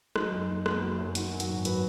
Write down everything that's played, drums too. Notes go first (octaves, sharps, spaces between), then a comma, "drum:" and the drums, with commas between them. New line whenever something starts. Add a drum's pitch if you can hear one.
F#3 D#4, drum: rim click
F#2
F#1
B3, drum: rim click
F#3
F#2
D#3 F#4, drum: hi-hat
F#2
F#4, drum: hi-hat
G#1
F#3 B4, drum: hi-hat